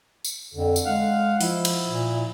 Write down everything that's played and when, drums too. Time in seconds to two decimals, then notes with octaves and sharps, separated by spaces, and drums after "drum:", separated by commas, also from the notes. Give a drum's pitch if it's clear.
0.24 drum: tambourine
0.54 F2 D3
0.76 drum: tambourine
0.85 G#3 F5 F#5
1.41 F3 E4, drum: open hi-hat
1.65 drum: cymbal
1.87 A#2